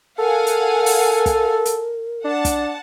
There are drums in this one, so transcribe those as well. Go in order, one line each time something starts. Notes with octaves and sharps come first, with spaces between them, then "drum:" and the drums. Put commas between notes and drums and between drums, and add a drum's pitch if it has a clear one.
A4 A#4 F5 F#5 G#5
drum: hi-hat
drum: open hi-hat
drum: kick, hi-hat
drum: hi-hat
D4 F#5 A5
drum: kick, hi-hat